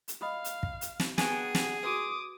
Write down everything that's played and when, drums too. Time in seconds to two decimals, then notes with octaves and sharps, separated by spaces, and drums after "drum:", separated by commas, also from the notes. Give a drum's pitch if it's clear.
0.08 drum: hi-hat
0.21 D#5 F5 B5 D#6
0.45 drum: hi-hat
0.63 drum: kick
0.81 drum: hi-hat
1.00 drum: snare
1.18 B3 D4 F#4 G#4 G5 G#5, drum: snare
1.55 drum: snare
1.83 F#4 B4 C6 D6 D#6